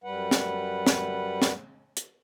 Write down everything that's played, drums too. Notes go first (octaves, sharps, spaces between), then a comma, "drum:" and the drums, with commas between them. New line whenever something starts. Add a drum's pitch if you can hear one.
F#2 G3 B4 F#5
drum: snare
drum: snare
drum: snare
drum: hi-hat